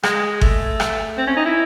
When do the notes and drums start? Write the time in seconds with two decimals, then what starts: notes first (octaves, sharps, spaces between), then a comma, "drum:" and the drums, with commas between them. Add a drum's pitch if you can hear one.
0.03 G#3, drum: rim click
0.41 A3, drum: kick G1
0.80 drum: rim click
1.18 C4
1.27 C#4
1.37 D#4
1.46 E4